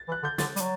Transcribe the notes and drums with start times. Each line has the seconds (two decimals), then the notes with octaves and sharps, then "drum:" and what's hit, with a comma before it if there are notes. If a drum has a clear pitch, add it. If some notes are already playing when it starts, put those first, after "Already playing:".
Already playing: A6
0.08 E3
0.12 F#6
0.23 D3 G6
0.38 D3 A6, drum: snare
0.56 G3, drum: hi-hat
0.61 F#3